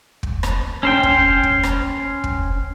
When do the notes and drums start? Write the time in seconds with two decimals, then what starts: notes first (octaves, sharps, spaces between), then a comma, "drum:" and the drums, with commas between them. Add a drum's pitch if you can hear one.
0.23 drum: kick
0.43 drum: rim click
0.83 C#4 C5 G5
1.03 drum: kick
1.43 drum: kick
1.63 drum: rim click
2.24 drum: kick